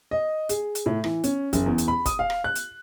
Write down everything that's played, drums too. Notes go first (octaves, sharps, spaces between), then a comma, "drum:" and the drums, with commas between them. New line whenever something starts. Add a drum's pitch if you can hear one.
D#5
G#4, drum: hi-hat
drum: hi-hat
A2
E3, drum: rim click
C#4, drum: hi-hat
F#1, drum: kick, hi-hat
E2
drum: hi-hat
B5
D#6, drum: kick, hi-hat
F5
drum: rim click
F#6
drum: hi-hat